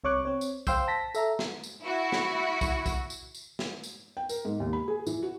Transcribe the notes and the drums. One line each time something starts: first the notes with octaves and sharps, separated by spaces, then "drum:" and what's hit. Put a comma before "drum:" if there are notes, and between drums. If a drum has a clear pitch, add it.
C2 C3 C#5 C#6 D6 F#6
C4 C#5
drum: tambourine
C5 F5 G5 C6 E6 G6, drum: kick B1, tambourine
A5 A#6 B6
A4 E5 A#5, drum: tambourine
drum: snare
drum: tambourine
E4 F#4
drum: snare
drum: kick B1, tambourine
drum: kick B1, tambourine
drum: tambourine
drum: tambourine
drum: snare
drum: tambourine
G5
A#4, drum: tambourine
G#2
D#2
B5
G#4
E3, drum: tambourine
F#4